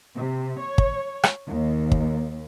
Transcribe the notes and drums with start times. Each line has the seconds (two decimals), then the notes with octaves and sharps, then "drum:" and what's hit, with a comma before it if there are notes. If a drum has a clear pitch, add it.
0.16 C3
0.59 C#5
0.78 drum: kick
1.23 drum: rim click
1.46 D#2
1.92 drum: kick